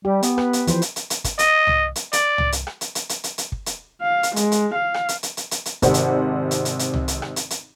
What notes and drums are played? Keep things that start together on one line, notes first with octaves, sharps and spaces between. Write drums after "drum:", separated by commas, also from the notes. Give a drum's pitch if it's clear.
G3 G4
B3, drum: hi-hat
B4, drum: rim click
drum: hi-hat
E3 F3 C5, drum: hi-hat
drum: hi-hat
drum: hi-hat
drum: hi-hat
drum: kick, hi-hat
D#5, drum: hi-hat
drum: tom
drum: hi-hat
D5, drum: hi-hat
drum: tom
drum: hi-hat
drum: rim click
drum: hi-hat
drum: hi-hat
drum: hi-hat
drum: hi-hat
drum: hi-hat
drum: kick
drum: hi-hat
F5
drum: hi-hat
G#3, drum: hi-hat
drum: hi-hat
F5
drum: rim click
drum: hi-hat
drum: hi-hat
drum: hi-hat
drum: hi-hat
drum: hi-hat
G#1 C3 C5 D5 F#5, drum: kick, hi-hat
drum: hi-hat
drum: hi-hat
drum: hi-hat
drum: hi-hat
drum: tom
drum: hi-hat
drum: rim click
drum: hi-hat
drum: hi-hat